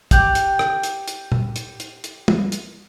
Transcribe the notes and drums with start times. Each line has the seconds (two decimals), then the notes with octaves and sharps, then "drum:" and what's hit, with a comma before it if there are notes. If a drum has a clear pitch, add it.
0.11 G4 F#6, drum: kick, hi-hat
0.35 drum: hi-hat
0.59 drum: rim click
0.83 drum: hi-hat
1.08 drum: hi-hat
1.32 drum: tom A#2
1.56 drum: hi-hat
1.80 drum: hi-hat
2.04 drum: hi-hat
2.28 drum: tom
2.52 drum: hi-hat